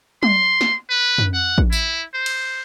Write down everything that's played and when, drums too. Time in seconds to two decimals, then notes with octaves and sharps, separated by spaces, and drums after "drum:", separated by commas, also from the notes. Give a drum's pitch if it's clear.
0.23 C6, drum: tom
0.61 drum: snare
0.90 B4
1.18 drum: tom
1.34 F#5
1.58 drum: kick
1.72 E4, drum: tambourine
2.14 C5
2.26 drum: cymbal